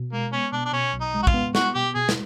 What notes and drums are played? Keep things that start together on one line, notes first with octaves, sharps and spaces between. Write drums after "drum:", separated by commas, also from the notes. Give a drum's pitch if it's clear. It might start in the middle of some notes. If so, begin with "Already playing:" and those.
Already playing: B2
G#3 A#3
B3 C#4
B2 D4
D4
B2 C#4
B1
D#4
G#3
F#4
F4, drum: kick
B3
B3 F#4, drum: snare
B2 G4
B2 G#4
drum: snare